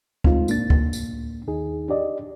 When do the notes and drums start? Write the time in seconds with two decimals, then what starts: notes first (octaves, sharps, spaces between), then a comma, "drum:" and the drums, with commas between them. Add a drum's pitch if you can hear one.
0.24 G#3 A3 C4 D#4 F4, drum: kick
0.48 A2 A#3 D4 A6, drum: tambourine
0.70 drum: kick
0.93 drum: tambourine
1.48 D#2 D#4 G#4
1.89 D4 G4 D5 D#5